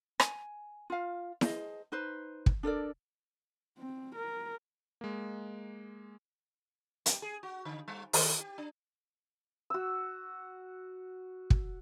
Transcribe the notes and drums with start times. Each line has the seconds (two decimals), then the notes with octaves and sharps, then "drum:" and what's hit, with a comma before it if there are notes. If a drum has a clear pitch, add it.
0.20 G#5, drum: rim click
0.90 F4 F5
1.41 G#4 C5 D#5, drum: snare E4
1.92 D#4 B4 C5
2.46 drum: kick
2.63 D4 A4 A#4 D5
3.78 C4
4.16 A#4
5.01 G#3 A#3
7.06 G4, drum: hi-hat
7.22 G#4
7.43 F#4
7.65 D3
7.88 G3
8.13 D#3, drum: open hi-hat
8.40 G4
8.58 D4
9.70 F#4 E6
11.50 drum: kick